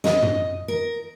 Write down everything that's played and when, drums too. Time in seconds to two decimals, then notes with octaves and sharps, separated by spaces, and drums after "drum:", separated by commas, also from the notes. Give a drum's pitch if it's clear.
0.04 D#5, drum: snare
0.22 drum: tom
0.68 A#4